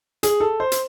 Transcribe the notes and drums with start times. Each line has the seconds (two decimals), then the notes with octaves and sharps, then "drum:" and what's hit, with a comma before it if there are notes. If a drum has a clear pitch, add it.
0.23 G#4, drum: hi-hat
0.40 A4
0.60 C5
0.72 drum: hi-hat